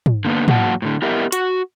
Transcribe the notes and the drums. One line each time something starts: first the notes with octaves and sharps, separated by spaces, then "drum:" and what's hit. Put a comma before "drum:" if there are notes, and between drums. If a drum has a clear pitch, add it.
drum: tom
D3 A#3 B3
E2 F#3 A#3 F#5 A5, drum: tom
A2 D3
B3 E4 G4 A#4 D#5 E5
F#4, drum: hi-hat